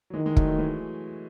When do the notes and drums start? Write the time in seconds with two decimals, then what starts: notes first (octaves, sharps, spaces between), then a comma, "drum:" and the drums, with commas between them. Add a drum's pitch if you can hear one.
0.10 F#3
0.14 D#3 E3 G#3
0.26 E3 G#3
0.37 F#3 A3, drum: kick
0.48 F#3 A3
0.58 E3 G#3